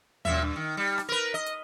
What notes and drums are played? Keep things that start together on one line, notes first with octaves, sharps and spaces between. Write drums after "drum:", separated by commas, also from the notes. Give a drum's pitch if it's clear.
F#2 A#2 E5, drum: tom D#2
G2
D#3
G3
drum: rim click
A#4 B4
D#5
drum: hi-hat